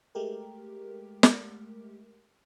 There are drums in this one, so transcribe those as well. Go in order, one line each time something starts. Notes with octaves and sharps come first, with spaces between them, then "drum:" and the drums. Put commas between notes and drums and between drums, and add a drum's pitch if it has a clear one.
G#3 A3 G4 A#4
drum: snare